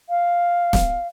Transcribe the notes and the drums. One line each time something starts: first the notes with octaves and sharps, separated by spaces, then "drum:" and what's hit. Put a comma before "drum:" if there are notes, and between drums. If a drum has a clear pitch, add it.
F5
drum: snare